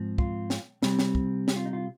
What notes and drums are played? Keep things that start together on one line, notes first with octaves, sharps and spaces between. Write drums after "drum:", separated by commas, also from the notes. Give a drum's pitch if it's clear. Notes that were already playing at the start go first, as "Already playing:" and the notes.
Already playing: G#2 F3 C4
F4, drum: kick
drum: snare
C3 G3 C4, drum: snare
drum: snare
drum: kick
G4, drum: snare
F4
D#4
F4